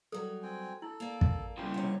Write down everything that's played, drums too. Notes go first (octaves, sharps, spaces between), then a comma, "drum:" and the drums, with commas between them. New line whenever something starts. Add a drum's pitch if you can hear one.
F#3 G3 A4
C4 G5 G#5
E4 A4
A#3 D5
drum: kick
G2 C#3 G5 C6
C3 C#5